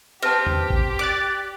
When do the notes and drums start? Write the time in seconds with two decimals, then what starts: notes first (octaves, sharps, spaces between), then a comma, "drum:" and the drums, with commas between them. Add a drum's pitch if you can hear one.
0.23 C4 G4 B4 A5
0.46 drum: tom E2
0.70 drum: kick G#1
0.99 D5 D6 F#6 A6